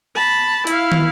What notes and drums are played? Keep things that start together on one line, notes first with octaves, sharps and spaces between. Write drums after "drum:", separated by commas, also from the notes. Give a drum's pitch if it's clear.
A5 B5
E4 F5, drum: hi-hat
drum: tom